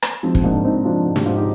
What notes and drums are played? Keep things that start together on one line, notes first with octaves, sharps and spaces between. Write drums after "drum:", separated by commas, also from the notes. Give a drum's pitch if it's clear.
drum: rim click
F3 G#3 C4
C4, drum: kick
G#2 A#3 D4
G#2 C4 D#4
F3 D4 F4
G#2
G4, drum: snare
G#2 F4
D#4 G4